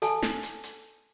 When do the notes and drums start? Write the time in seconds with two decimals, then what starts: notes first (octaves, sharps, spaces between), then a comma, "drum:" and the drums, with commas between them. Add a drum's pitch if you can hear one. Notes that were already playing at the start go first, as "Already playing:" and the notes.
0.02 A4 G#5 A5, drum: hi-hat
0.22 drum: snare
0.43 drum: hi-hat
0.63 drum: hi-hat